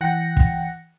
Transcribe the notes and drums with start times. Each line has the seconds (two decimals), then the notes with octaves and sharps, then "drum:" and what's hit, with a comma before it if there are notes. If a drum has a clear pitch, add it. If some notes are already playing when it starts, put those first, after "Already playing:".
0.01 E3 F#5 G5 F#6 A#6 C#7
0.37 drum: kick